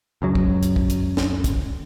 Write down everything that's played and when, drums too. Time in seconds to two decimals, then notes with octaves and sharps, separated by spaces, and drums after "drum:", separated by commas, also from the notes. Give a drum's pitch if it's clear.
0.22 C#2 F#2 F#3
0.35 drum: kick
0.63 drum: hi-hat
0.76 drum: kick
0.90 drum: hi-hat
1.17 drum: snare
1.44 drum: kick, hi-hat